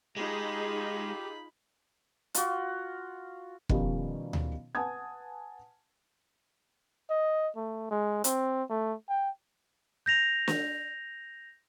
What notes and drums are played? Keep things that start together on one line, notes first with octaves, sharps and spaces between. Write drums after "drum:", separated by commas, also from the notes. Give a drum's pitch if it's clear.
G#3 D#4 F4 G4 G#4 B5
F4 F#4, drum: hi-hat
B2 D#3 F3 G3 C#4, drum: kick
drum: tom D2
B4 F#5 G#5 A5 D#6 G#6
D#5
A3
G#3
C4, drum: hi-hat
A3
G5
G6 A#6 F7
drum: snare